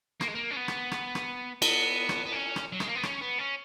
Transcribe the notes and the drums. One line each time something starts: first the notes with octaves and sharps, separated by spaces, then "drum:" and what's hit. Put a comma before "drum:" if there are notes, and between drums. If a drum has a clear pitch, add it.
A#3, drum: rim click
G#3
A#3
C#4
B3
drum: rim click
drum: rim click
drum: rim click
B3, drum: cymbal
drum: rim click
B3
C#4
drum: rim click
F#3
G#3, drum: rim click
A#3
B3
C#4, drum: rim click
B3
C#4